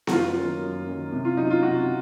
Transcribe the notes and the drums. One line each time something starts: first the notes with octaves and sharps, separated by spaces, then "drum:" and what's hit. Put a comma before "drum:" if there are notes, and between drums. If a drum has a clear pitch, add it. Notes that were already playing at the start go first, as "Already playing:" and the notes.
F#4, drum: snare B3
F#2 F4
D#3 F#3 A#3 C#4
F#2
D#3 F#3 A#3 C#4
C3
F4
F#3 C#4 D#4
F4
C3 F#4